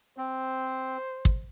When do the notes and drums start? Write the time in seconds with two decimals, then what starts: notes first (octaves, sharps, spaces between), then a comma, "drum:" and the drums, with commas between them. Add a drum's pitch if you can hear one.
0.18 C4 C5
1.25 drum: kick